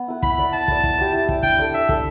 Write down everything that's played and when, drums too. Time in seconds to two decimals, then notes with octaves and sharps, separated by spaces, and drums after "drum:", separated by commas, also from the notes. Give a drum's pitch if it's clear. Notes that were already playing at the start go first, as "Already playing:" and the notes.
Already playing: B3
0.08 E4 B4
0.23 E4 B5, drum: kick
0.38 B4 D5
0.53 E4 A5
0.68 B4 D5, drum: kick
0.83 E4, drum: kick
0.98 G4 D5
1.13 E4
1.29 G4 D5, drum: kick
1.43 D4 G5, drum: kick
1.59 A4 D5
1.74 D4 E5
1.89 A4 D5, drum: kick